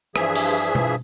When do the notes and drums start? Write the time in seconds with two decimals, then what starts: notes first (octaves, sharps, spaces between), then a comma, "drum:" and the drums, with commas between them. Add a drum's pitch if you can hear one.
0.16 G2 E3 F3 G#4 E5, drum: rim click
0.35 drum: open hi-hat
0.75 drum: tom B2